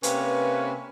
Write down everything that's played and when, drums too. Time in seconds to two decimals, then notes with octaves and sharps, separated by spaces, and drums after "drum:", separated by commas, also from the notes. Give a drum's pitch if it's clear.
0.03 C3 A#3 C#4 B4, drum: hi-hat